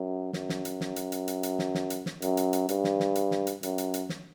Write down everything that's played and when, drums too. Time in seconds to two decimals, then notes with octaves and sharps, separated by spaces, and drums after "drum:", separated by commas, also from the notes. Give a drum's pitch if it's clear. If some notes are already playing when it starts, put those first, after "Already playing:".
Already playing: F#2
0.33 F#2, drum: snare
0.49 drum: snare
0.65 drum: hi-hat
0.81 drum: snare
0.96 drum: hi-hat
1.12 drum: hi-hat
1.28 drum: hi-hat
1.43 drum: hi-hat
1.59 drum: snare
1.75 drum: snare
1.90 drum: hi-hat
2.06 drum: snare
2.22 F#2, drum: hi-hat
2.37 drum: hi-hat
2.53 drum: hi-hat
2.69 G2, drum: hi-hat
2.84 drum: snare
3.00 drum: snare
3.15 drum: hi-hat
3.31 drum: snare
3.47 drum: hi-hat
3.63 F#2, drum: hi-hat
3.78 drum: hi-hat
3.94 drum: hi-hat
4.09 drum: snare